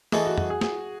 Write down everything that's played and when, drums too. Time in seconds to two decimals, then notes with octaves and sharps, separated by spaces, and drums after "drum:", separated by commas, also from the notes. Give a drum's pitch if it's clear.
0.12 E3 A3 D#4 G#4 A4, drum: snare
0.25 F#4
0.38 F#4, drum: tom F2
0.50 G#4
0.61 G#4, drum: snare